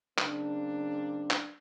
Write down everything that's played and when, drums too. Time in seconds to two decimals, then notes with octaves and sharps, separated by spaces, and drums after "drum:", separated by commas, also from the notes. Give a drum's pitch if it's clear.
0.18 C#3 F#3 A#3 C4 D4, drum: clap
1.30 drum: clap